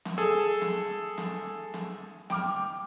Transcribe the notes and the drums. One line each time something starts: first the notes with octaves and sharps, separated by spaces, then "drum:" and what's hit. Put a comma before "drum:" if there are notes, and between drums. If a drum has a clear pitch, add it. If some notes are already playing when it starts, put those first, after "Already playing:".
drum: snare
G#4 A4 E6
drum: snare
drum: snare
drum: snare
G5 D6 F6, drum: snare